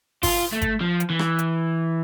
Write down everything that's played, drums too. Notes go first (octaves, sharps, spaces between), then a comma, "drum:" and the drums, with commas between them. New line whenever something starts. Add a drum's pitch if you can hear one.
F4, drum: kick G1, open hi-hat
A3
drum: kick G1, hi-hat
F3
drum: hi-hat
E3
drum: rim click
drum: hi-hat